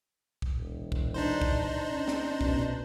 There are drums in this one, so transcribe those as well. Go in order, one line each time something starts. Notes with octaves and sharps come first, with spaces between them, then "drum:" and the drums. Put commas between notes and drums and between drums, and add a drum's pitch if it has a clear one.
drum: kick C2
E1
drum: kick C2
D4 D#4 C5
drum: kick C2
C#4
drum: snare
B2, drum: kick C2